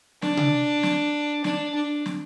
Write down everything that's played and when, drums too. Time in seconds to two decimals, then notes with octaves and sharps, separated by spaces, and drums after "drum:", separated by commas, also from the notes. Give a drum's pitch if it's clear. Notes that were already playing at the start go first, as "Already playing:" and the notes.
0.22 D4, drum: snare
0.37 drum: tom C3
0.83 drum: snare
1.44 D4, drum: snare
1.75 D4
2.06 drum: snare